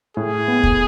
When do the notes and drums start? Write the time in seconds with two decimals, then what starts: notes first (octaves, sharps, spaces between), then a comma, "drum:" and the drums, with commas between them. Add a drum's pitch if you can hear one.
0.17 A2 G#4
0.48 B3
0.63 drum: kick